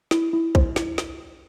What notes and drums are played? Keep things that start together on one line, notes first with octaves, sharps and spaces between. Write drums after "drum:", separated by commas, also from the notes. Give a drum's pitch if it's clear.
E4, drum: snare
E4
C5, drum: kick
E4, drum: snare
drum: snare